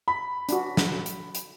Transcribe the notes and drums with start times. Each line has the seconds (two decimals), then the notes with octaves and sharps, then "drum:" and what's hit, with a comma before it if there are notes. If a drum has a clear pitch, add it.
0.08 B5
0.49 D4 F#4, drum: hi-hat
0.77 drum: snare
1.06 drum: hi-hat
1.35 drum: hi-hat